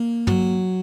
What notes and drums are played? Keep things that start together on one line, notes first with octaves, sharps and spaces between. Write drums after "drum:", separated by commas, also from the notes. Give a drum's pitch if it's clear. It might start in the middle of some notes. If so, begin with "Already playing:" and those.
Already playing: A#3
F#3, drum: tom